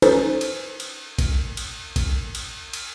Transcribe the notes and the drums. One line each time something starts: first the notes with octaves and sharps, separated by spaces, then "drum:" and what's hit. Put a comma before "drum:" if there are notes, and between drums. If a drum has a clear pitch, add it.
C#4 D#4 A4 B4 C5, drum: cymbal
drum: cymbal
drum: cymbal
drum: kick A#1, cymbal
drum: cymbal
drum: kick A#1, cymbal
drum: cymbal
drum: cymbal